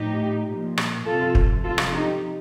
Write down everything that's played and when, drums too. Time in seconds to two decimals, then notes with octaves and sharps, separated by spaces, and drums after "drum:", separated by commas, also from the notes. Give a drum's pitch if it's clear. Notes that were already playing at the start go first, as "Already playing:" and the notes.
Already playing: A2 F3 D#4 G4
0.49 A#2 F3
0.78 drum: rim click
1.06 C3 F3 F4 A4
1.35 drum: kick
1.63 C3 F3 F4 A4
1.78 drum: rim click
1.92 D#4 G4